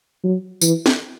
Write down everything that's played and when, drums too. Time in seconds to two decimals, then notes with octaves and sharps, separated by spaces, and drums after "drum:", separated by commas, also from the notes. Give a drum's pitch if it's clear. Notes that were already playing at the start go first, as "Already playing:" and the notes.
0.24 F#3
0.61 E3, drum: tambourine
0.86 drum: snare